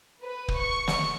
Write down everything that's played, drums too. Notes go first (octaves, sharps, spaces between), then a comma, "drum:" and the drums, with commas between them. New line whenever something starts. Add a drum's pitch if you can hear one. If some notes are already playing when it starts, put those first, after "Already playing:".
B4
drum: kick
C#6
drum: snare